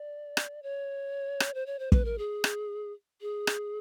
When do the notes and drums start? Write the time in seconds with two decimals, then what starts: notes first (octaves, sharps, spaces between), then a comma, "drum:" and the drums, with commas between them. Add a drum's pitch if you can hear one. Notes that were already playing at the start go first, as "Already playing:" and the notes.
Already playing: D5
0.37 drum: rim click
0.63 C#5
1.40 drum: rim click
1.54 C5
1.66 C#5
1.79 C5
1.92 B4, drum: kick
2.05 A#4
2.18 G#4
2.44 drum: rim click
3.21 G#4
3.47 drum: rim click